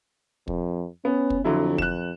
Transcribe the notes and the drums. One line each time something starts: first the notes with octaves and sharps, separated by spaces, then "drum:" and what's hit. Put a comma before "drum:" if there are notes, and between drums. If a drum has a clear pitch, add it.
F2, drum: kick
B3 C#4
drum: kick
F2 D3 F#3 E4
F#6 E7, drum: kick